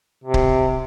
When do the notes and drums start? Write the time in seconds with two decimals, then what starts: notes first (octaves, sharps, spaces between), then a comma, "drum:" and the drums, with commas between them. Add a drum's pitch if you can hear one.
0.24 C3
0.34 drum: kick C#1